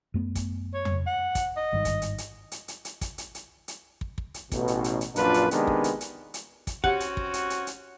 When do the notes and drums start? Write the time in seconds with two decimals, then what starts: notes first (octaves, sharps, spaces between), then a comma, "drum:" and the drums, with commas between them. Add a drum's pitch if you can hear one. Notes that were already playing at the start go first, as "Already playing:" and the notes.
0.14 F#2 A3 B3
0.35 drum: kick, hi-hat
0.74 C#5
0.85 drum: tom F2
1.07 F#5
1.35 drum: kick, hi-hat
1.57 D#5
1.72 G#1 G2 D#3
1.85 drum: kick, hi-hat
2.02 drum: hi-hat
2.18 drum: hi-hat
2.52 drum: hi-hat
2.68 drum: hi-hat
2.85 drum: hi-hat
3.01 drum: kick, hi-hat
3.18 drum: hi-hat
3.35 drum: hi-hat
3.68 drum: hi-hat
4.01 drum: kick
4.18 drum: kick
4.34 drum: hi-hat
4.52 A1 B2, drum: kick, hi-hat
4.68 drum: hi-hat
4.84 drum: hi-hat
5.01 drum: hi-hat
5.16 A#1 F#2 A#2 D4 F4 B4, drum: hi-hat
5.34 drum: hi-hat
5.51 C3 D#3 G#3 B3 D4, drum: hi-hat
5.67 drum: kick
5.84 drum: hi-hat
6.01 drum: hi-hat
6.34 drum: hi-hat
6.67 drum: kick, hi-hat
6.84 C4 C#4 F#4 G4 F#5, drum: kick
7.00 drum: hi-hat
7.17 drum: kick
7.34 drum: hi-hat
7.50 drum: hi-hat
7.67 drum: hi-hat